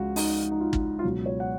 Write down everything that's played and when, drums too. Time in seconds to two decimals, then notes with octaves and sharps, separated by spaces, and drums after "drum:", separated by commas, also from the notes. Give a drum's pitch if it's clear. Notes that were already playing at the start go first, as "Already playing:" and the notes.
Already playing: C#2 C#3 F3 F#4
0.16 D#4, drum: open hi-hat
0.51 D#4
0.60 F4
0.73 drum: kick
0.99 F4
1.03 C#2 B2 F#3 F#4
1.26 C#5
1.40 F#5